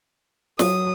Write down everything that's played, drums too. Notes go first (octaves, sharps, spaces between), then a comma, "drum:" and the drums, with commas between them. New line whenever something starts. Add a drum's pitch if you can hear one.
F#3 D#6, drum: snare